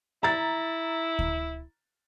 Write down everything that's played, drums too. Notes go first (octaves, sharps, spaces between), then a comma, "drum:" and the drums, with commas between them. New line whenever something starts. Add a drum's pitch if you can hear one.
E4 A#5 A6
drum: kick D2